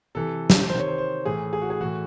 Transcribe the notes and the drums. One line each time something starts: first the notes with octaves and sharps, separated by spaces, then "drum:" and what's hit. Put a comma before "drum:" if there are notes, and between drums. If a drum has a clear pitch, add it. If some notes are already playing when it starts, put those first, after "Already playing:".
C3 E3 A4
drum: snare
C3 C5
D#3 C#5
C5
C5
A2 E3 G#4
G#4
F#4
G#4
A2 E3 F#4